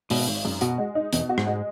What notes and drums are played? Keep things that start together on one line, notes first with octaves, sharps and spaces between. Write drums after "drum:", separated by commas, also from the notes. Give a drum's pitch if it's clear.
G#1 B2, drum: open hi-hat
G#1
F#2
B2 F#4, drum: hi-hat
G#3
D#4
E2 B2, drum: hi-hat
F#4
G#2, drum: rim click
G#3